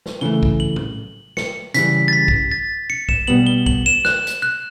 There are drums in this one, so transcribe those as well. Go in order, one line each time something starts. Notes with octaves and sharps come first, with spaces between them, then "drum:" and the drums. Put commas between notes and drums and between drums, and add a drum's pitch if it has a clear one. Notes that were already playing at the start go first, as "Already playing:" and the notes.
drum: snare
C#3 E3 A3 G7
drum: kick
F#7
drum: tom A2
C#7, drum: snare
C#3 E3 G3 B6, drum: hi-hat
A6
B6
drum: kick
A6
C#7
E7, drum: kick
B2 G3 B3 F#7
G7
F#7, drum: kick
E7
F#6, drum: snare
drum: hi-hat
F#6